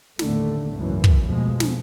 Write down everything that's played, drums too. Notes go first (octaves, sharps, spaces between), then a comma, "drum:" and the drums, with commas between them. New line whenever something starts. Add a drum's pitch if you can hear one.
D#2 A2 D3 A3, drum: snare
G#1 C#2 F#2 E3
drum: kick
F2 B2 F3 G#3 A3
drum: snare